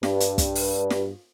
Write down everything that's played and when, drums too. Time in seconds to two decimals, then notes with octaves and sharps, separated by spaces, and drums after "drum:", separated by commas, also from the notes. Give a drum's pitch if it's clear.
0.03 G2, drum: snare
0.20 drum: hi-hat
0.38 drum: kick, hi-hat
0.55 drum: open hi-hat
0.90 drum: snare